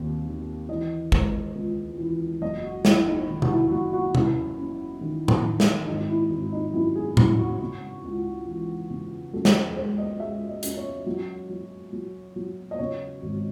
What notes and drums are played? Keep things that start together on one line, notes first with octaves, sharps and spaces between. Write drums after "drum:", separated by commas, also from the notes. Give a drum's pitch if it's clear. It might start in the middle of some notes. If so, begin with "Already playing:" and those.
Already playing: D#2 C4
D#3
E3 D#5
G#3, drum: kick G#1
C#2
E3
F#1 D#5
F#4
F#1 E4, drum: snare
D#4
D#3
F#4, drum: tom C3
E4
F#1 F#4
F#4
C#4 E4, drum: tom C3
C#4
D#3
drum: tom A2
D#3
drum: snare
G#1 D#4
E4
G#1
D#4
F#2 E4
G#4
C#3 E4, drum: tom A2
F#4
C#3
C#2
E3
C#3
F#2 A4
drum: snare
C5
G#3 C5
D#5
G#3 E5
D#5
C#4, drum: hi-hat
C#5
F#3
F#3
F#3
F#3
D#5
C#3 C#5
G#1